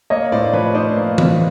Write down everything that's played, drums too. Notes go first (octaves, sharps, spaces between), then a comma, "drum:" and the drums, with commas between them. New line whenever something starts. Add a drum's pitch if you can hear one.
A#3 C#5 D#5
A2 C5 D5
F3 B4 C#5
D#4 C5 D5
A#3
A2, drum: tom E3